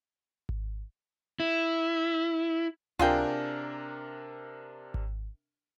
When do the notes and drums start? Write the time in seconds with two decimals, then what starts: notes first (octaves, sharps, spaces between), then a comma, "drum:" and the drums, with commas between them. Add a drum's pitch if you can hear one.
0.49 drum: kick G#1
1.40 E4
2.99 C3 D4 F4 G#4 A#4 G5, drum: tom C#2
4.94 drum: kick G#1